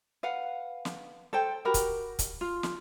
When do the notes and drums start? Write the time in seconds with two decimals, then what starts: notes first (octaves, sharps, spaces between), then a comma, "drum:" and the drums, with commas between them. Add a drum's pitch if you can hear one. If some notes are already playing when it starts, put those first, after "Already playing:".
0.23 B4 F5 F#5
0.85 drum: snare
1.33 A4 C5 G5
1.65 F#4 G4 A#4 B5
1.74 drum: kick, hi-hat
2.19 drum: kick, hi-hat
2.41 F4
2.63 drum: snare